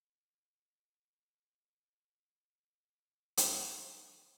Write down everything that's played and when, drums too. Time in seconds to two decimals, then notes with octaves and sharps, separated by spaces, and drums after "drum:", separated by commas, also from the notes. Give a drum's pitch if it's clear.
0.22 E3 G3 A3 B3 C#4 D4
0.57 C#4 E4 A4
0.99 F3
1.37 B3 C4 F4 B4 C#5
3.06 A#2
3.37 drum: hi-hat